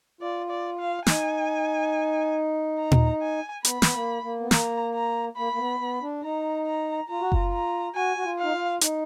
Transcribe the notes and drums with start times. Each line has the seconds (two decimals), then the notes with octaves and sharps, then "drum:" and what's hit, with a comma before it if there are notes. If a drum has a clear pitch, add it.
0.21 F4 D5
0.50 D5
0.79 F5
1.06 D#4 G#5, drum: snare
2.79 A#5
2.91 drum: tom A#2
3.22 G#5
3.65 B3 B5, drum: hi-hat
3.82 B3, drum: snare
3.94 A#3
4.23 A#3
4.40 B3
4.51 A#3 A#5, drum: snare
4.94 A#5
5.37 A#3 B5
5.53 A#3
5.59 B3
5.80 B3
6.02 D4
6.23 D#4 A#5
6.66 A#5
7.09 F4 A#5
7.21 F#4
7.32 F4, drum: kick F#1
7.53 A#5
7.95 F#4 G#5
8.17 F#4
8.25 F4
8.39 F5
8.44 D#4
8.52 F4
8.81 D#4, drum: hi-hat